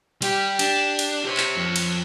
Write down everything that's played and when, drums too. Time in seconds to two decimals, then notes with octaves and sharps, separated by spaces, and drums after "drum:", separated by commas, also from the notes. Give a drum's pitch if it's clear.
0.22 G3 G4, drum: cymbal
0.59 D4, drum: cymbal
0.99 drum: cymbal
1.25 G4 C5 C#5
1.37 drum: clap
1.56 F2
1.76 drum: cymbal